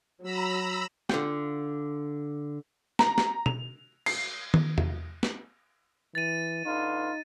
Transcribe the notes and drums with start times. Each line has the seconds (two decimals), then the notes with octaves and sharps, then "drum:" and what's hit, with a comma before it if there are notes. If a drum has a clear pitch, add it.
0.23 F#3 A#5 B5 E6
1.09 D3 F4 G5, drum: snare
2.99 A#5, drum: snare
3.18 drum: snare
3.46 F7, drum: tom B2
4.06 C7, drum: cymbal
4.54 drum: tom D#3
4.78 drum: tom E2
5.23 drum: snare
6.15 E3 A6 D#7
6.65 D3 D#4 F4 B4